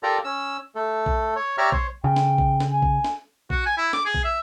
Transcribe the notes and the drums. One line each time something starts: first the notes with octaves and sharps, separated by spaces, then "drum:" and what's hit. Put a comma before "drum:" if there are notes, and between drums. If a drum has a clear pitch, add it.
F4 G4 A4 A#4 D5 A#5
C#4 E6
A3 A4
drum: kick A#1
C#5
G4 C#5 D5 E5 A#5 F6
C5 C#5, drum: kick A#1
C#3 G5
drum: snare
drum: kick A#1
drum: snare
G#5
drum: kick A#1
drum: snare
F#4, drum: kick A#1
G#5
E4
D6, drum: snare
G#4
drum: kick A#1
E5